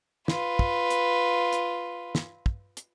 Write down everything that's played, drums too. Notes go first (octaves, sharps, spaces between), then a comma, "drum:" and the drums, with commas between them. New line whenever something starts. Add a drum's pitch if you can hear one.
F4 B4, drum: snare
drum: kick
drum: hi-hat
drum: hi-hat
drum: snare
drum: kick
drum: hi-hat